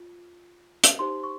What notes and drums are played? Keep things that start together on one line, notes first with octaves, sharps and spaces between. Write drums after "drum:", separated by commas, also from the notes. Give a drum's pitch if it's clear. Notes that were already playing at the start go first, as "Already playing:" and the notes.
Already playing: F4
drum: hi-hat
D#4 G4 C5 C6
C#6